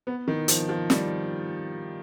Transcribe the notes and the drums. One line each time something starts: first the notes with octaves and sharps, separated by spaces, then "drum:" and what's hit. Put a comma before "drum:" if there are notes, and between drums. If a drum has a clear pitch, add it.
B3
D#3
F3, drum: hi-hat
F3
G3, drum: snare